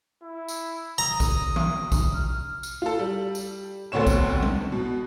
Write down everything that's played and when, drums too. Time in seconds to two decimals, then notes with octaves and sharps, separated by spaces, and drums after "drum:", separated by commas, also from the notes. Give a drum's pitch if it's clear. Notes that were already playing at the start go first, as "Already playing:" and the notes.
0.23 E4
0.48 drum: tambourine
0.98 A#5 D#6
1.20 drum: kick A#1, tambourine
1.56 drum: tom E3
1.92 drum: kick A#1, tambourine
2.15 F6
2.63 drum: tambourine
2.82 F4 A4
2.99 G3
3.35 drum: tambourine
3.92 D2 D3 B3 C4 C#5 E7
4.07 drum: kick A#1, tambourine
4.42 drum: tom G3
4.72 B2